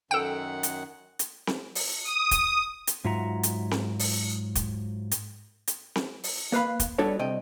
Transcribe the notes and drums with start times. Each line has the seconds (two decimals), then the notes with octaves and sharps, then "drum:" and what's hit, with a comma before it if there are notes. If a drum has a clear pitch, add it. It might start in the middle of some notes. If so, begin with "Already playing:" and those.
0.11 F#2 D#3 A4 F#5 G5
0.63 drum: hi-hat
1.19 drum: hi-hat
1.47 drum: snare C4
1.75 drum: open hi-hat
2.03 D#6
2.31 drum: kick, hi-hat
2.87 drum: hi-hat
3.05 G#2 F#3 F4 E5 F#5 A#5
3.43 drum: hi-hat
3.71 drum: snare C4
3.99 drum: open hi-hat
4.55 drum: kick, hi-hat
5.11 drum: hi-hat
5.67 drum: hi-hat
5.96 drum: snare C4
6.24 drum: open hi-hat
6.52 A#3 B4 F5 B5
6.80 drum: kick, hi-hat
6.99 G3 B3 D4 F#4 A4 C#5
7.19 C2 C3 D#5 G5